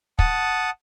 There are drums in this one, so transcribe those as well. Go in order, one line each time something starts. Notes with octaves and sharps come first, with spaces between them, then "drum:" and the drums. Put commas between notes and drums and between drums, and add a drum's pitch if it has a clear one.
F#5 A5 D#6, drum: kick